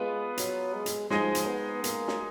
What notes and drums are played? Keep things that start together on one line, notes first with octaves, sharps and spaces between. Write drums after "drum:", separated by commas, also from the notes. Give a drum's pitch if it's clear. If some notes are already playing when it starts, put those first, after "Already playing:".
Already playing: G#3 B3 F4 B4
F#3, drum: hi-hat
G#3
drum: hi-hat
F3 G#3 D#4 G#4 D#5, drum: snare
drum: hi-hat
B3
A#3, drum: hi-hat
drum: snare